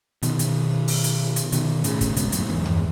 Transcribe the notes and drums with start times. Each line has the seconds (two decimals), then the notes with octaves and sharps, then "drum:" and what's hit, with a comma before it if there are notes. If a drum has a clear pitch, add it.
0.23 B2 D#3, drum: hi-hat
0.39 drum: hi-hat
0.88 drum: open hi-hat
1.04 drum: hi-hat
1.36 drum: hi-hat
1.52 B2 D#3, drum: hi-hat
1.84 A2 C#3, drum: hi-hat
2.01 drum: kick, hi-hat
2.11 C#3
2.17 G#2 B2, drum: hi-hat
2.32 F#2 A2, drum: hi-hat
2.50 E2 G#2
2.66 E2, drum: tom F#2